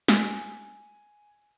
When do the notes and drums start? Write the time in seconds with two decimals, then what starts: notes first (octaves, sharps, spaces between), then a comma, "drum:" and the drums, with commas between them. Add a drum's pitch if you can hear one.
0.08 G#5, drum: snare